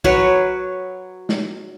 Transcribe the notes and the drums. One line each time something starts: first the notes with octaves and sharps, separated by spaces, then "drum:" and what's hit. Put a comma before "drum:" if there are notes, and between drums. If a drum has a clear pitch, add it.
F#3 B4 C#5, drum: kick
drum: snare